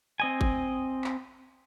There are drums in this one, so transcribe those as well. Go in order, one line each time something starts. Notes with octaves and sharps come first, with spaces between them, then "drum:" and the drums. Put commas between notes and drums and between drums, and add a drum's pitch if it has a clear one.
C4 D#5 G#5
drum: kick G1
drum: clap